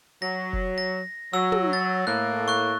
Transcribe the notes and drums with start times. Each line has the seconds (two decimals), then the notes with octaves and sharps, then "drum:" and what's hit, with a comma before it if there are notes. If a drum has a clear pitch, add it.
0.22 F#3 A#6
0.53 drum: kick F1
0.78 A#6
1.33 F#3 E6
1.52 drum: tom
1.73 A6
2.07 A2 A#3 F#6
2.48 C#6 F#6